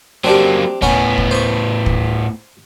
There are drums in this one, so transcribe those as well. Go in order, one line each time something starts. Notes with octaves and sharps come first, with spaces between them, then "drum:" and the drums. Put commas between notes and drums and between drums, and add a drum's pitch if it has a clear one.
F#3 A#3 C4 D4 G4
A2 B3 C#4 G#5 B5, drum: kick
drum: kick
C5 C#6
drum: kick